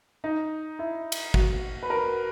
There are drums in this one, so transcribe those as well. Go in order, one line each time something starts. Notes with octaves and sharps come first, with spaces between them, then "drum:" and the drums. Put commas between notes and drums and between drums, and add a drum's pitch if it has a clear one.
D#4
E4
drum: cymbal
F#4, drum: kick
B4
A#4